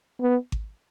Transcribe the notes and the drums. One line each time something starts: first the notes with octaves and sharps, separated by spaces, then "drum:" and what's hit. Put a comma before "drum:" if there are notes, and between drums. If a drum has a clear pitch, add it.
B3
drum: kick G#1